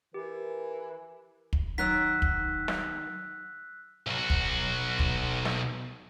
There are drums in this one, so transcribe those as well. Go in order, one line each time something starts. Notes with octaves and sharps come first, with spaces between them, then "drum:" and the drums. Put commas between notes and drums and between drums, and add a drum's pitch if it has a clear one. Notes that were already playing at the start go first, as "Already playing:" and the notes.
E3 G4 A#4
drum: kick
D#3 F#3 D#4 E6 F#6 B6
drum: kick
drum: snare
B1 F#4
drum: kick
drum: kick
drum: snare